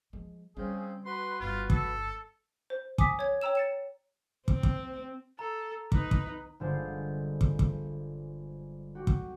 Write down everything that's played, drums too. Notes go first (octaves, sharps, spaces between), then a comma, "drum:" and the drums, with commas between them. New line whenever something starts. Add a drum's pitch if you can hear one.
F3 G#3
C#3 G3 C4 C#4 G#4
F#4 B4 C6
G1 G2 F4
A4, drum: kick
C5
G#5 D6 D#6 B6, drum: kick
C#5 G#6
C#5 G5 A#5 E6 E7
A6 C#7 E7
C4, drum: kick
drum: kick
A4 A#5
D#4 B4, drum: kick
drum: kick
G1 D3 G#3 F4 C5
drum: kick
drum: kick
F#4 G4
drum: kick